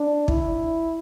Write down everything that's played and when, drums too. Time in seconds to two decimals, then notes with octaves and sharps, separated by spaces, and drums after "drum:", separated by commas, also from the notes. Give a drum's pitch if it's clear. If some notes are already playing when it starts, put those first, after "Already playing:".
Already playing: D4
0.28 E4, drum: kick